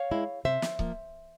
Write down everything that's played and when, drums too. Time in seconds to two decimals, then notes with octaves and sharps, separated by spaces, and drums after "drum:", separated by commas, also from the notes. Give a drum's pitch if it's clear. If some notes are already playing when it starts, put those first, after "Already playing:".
Already playing: C#5 F5
0.11 G#3 E4
0.45 C3 C5 E5
0.62 drum: snare
0.79 F3 A#3, drum: kick C#1